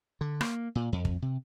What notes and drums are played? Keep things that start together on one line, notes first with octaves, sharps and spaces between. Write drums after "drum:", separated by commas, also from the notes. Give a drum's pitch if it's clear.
D3
A#3, drum: rim click
A#2
F2
drum: kick
C3